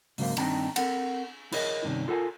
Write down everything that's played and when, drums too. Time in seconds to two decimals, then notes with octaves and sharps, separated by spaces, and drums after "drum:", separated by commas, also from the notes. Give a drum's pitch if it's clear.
0.18 G#2 C#3 F#3 A#3 C5 F5, drum: open hi-hat
0.37 G2 D#3 C4 D4 G5 A#5, drum: cymbal
0.76 C4 A4 A#4 F#5, drum: cymbal
1.52 E4 G#4 A#4 C#5 D#5, drum: cymbal
1.84 G2 C3 D#3 G3 C#4
2.08 F4 A4 A#4 F#5 G#5